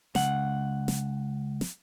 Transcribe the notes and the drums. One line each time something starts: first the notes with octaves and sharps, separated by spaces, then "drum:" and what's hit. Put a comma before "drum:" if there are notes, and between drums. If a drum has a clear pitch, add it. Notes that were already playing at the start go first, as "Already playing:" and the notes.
C#2 F#5, drum: snare
drum: snare
drum: snare